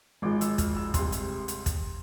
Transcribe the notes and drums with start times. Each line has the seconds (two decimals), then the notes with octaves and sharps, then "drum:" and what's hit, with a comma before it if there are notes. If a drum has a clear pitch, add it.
0.22 G#1 G#2 F3 G#3 D6
0.41 E6, drum: hi-hat
0.58 F6, drum: kick, hi-hat
0.77 E6
0.94 C2 C3 G#3 C6, drum: kick, hi-hat
1.12 drum: hi-hat
1.48 drum: hi-hat
1.66 drum: kick, hi-hat